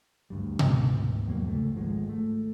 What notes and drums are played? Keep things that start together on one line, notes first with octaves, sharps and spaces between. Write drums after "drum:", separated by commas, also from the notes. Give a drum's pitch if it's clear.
D2 G2 G3
D2 G#2 C3 B3, drum: tom B2
E2 G2 F#3 A#3
C#2 A3
G#1 F3 G#3
A3